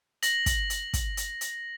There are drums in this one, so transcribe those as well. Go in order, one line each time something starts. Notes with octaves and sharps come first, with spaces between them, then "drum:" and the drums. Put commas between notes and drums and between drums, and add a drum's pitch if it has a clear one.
A#6 F#7, drum: hi-hat
drum: kick, hi-hat
drum: hi-hat
drum: kick, hi-hat
drum: hi-hat
drum: hi-hat